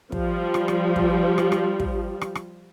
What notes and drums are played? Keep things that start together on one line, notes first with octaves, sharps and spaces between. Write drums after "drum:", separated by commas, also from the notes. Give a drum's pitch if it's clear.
F3 G3, drum: kick
drum: rim click
drum: rim click
drum: kick
drum: rim click
drum: rim click
drum: kick
drum: rim click
drum: rim click